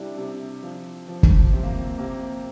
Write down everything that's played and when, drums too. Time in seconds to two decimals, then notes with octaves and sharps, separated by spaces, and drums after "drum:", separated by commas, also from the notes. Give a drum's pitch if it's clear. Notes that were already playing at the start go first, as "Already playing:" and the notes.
Already playing: C3 G3 D4 E4
0.17 C3
0.63 F3
1.08 F3
1.23 drum: kick
1.53 C3 C4
1.63 A#3
1.74 C4
1.98 C3 A#3